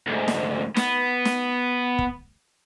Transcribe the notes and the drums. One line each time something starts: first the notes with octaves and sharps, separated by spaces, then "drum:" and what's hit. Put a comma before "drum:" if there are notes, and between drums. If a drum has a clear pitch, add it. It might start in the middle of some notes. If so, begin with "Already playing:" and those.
D2 G#2
drum: snare
B3, drum: snare
drum: snare
drum: kick